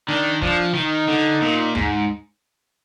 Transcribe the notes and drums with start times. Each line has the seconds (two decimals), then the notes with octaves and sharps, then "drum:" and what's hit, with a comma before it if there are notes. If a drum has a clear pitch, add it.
0.09 D#3 D4
0.42 F3 D4, drum: kick
0.75 D#3 D#4
1.08 D3
1.42 A#2
1.75 G#2, drum: tom D2